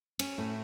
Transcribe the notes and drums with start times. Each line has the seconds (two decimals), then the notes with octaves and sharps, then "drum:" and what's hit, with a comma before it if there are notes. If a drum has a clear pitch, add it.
0.19 C#4, drum: cymbal
0.38 A2 A3